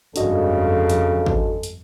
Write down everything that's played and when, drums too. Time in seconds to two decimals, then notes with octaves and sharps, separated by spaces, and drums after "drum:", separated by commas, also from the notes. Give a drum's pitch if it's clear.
0.16 G1 F2 C#3 G#3 D4 F#4 A4 D#5, drum: hi-hat
0.90 drum: hi-hat
1.26 drum: kick
1.63 drum: hi-hat